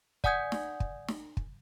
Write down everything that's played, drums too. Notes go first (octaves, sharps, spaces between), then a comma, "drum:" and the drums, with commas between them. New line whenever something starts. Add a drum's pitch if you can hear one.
D5 F#5 G#5 D#6 G6 G#6, drum: kick
drum: snare
drum: kick
drum: snare
drum: kick